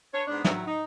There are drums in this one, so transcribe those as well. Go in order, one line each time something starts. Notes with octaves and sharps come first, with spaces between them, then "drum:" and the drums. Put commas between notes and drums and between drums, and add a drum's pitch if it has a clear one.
D4 B4 C#5
G#2 B3 D4
D#3 F#3 E4 E5 F#5, drum: snare
D#4